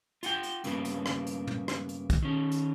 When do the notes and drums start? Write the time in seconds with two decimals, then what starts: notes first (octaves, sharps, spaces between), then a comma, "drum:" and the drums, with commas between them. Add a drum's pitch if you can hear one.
0.23 F4 F#5 G5, drum: hi-hat
0.43 drum: hi-hat
0.64 G2 C#3 A#3 B3, drum: hi-hat
0.85 drum: hi-hat
1.06 drum: rim click
1.27 drum: hi-hat
1.47 drum: tom
1.68 drum: rim click
1.89 drum: hi-hat
2.10 drum: kick, hi-hat
2.23 D#3 C#4
2.51 drum: hi-hat